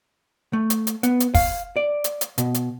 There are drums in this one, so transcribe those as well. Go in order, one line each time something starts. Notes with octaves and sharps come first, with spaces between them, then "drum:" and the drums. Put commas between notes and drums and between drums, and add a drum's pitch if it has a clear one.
A3
drum: hi-hat
drum: hi-hat
B3, drum: hi-hat
drum: hi-hat
F5, drum: kick, open hi-hat
D5
drum: hi-hat
drum: hi-hat
B2, drum: hi-hat
drum: hi-hat